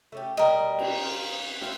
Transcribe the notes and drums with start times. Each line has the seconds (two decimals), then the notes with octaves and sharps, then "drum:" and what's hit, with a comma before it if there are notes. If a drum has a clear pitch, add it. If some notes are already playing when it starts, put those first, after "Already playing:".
0.12 A3 C#4 G4
0.37 B2 G3 A#4 B4 D#5
0.79 drum: cymbal
1.03 F4
1.61 C4 E4 F4, drum: snare